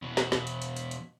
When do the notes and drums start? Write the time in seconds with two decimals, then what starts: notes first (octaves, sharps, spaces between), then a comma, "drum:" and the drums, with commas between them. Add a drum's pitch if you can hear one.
0.02 E2 B2
0.17 drum: snare
0.32 drum: snare
0.47 drum: hi-hat
0.62 drum: hi-hat
0.76 drum: hi-hat
0.91 drum: hi-hat